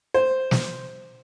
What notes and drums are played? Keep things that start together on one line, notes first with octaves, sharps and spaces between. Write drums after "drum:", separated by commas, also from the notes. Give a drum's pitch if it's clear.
C5
drum: snare